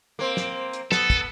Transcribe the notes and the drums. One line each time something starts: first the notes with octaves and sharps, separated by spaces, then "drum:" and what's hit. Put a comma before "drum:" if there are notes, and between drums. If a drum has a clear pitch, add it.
A#3 C4
drum: snare
drum: hi-hat
B3 A4, drum: snare
drum: kick, hi-hat